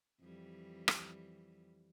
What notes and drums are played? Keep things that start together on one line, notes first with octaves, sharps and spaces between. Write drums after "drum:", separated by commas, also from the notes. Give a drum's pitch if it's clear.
F2 E3 G3
drum: rim click